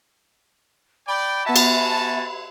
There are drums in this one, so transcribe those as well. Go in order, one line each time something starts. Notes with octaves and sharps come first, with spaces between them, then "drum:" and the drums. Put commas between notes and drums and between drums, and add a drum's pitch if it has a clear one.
D5 G5 B5
B3 F#4 E5 G#5 A5
drum: cymbal